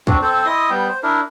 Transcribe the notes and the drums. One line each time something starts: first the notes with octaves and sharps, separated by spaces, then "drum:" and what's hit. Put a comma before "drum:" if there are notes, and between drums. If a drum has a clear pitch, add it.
C4 D4 F#4, drum: kick
C4 A4 C5
E4 D#5 C6 D#6
G3 B3 G5
C5
D4 E4 A#4